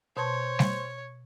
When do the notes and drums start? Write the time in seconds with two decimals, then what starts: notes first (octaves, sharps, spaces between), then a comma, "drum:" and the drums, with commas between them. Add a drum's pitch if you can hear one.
0.17 B2 C5 C#5 A5 C6
0.59 drum: snare G3